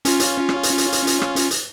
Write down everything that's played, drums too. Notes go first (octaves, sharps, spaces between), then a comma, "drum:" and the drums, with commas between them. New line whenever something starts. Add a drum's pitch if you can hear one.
C#4 F4, drum: hi-hat
drum: hi-hat
drum: rim click
drum: hi-hat
drum: hi-hat
drum: hi-hat
drum: hi-hat
drum: rim click
drum: hi-hat
drum: hi-hat